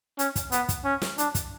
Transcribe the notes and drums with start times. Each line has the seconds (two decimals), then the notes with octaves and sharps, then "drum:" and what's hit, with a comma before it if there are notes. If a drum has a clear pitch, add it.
0.19 C#4, drum: hi-hat
0.36 drum: kick, hi-hat
0.52 B3, drum: hi-hat
0.69 drum: kick, hi-hat
0.85 C#4
1.02 drum: snare
1.18 D4, drum: hi-hat
1.35 drum: kick, hi-hat